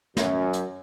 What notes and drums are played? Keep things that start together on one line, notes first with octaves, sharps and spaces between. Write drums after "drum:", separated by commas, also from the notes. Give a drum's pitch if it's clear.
F#2, drum: snare
drum: hi-hat